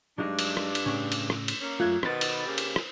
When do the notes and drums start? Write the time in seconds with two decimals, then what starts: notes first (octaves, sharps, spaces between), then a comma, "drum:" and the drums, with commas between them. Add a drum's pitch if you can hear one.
0.18 G2 F#3 G#3 D4 D#4
0.39 drum: cymbal
0.57 drum: rim click
0.75 drum: cymbal
0.86 A2 C#3
1.12 drum: cymbal
1.30 drum: rim click
1.48 drum: cymbal
1.61 A#3 C#4
1.80 F#2 F#3 A3 F4 F#6 G#6
2.03 B2 D#3 C4 B4 B5 A6, drum: rim click
2.21 drum: cymbal
2.46 C#3 A#3 G4
2.58 drum: cymbal
2.76 drum: rim click